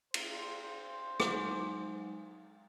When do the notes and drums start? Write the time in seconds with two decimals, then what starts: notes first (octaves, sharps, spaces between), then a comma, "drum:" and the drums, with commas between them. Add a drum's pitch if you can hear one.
0.14 C5, drum: cymbal
1.20 F#3 G#3 D#4, drum: rim click